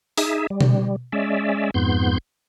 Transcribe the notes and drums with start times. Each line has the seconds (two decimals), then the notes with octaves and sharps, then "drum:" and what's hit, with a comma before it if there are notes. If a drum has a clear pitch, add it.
0.18 D#4 G#4 E5, drum: open hi-hat
0.50 G3
0.61 drum: tom
1.12 G#3 C#4 D5 E5
1.74 F2 G#2 B3 C6 G6